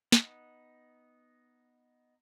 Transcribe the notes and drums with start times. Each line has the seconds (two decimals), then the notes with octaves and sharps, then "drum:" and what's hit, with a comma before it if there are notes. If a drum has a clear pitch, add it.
0.12 B3 D#4, drum: snare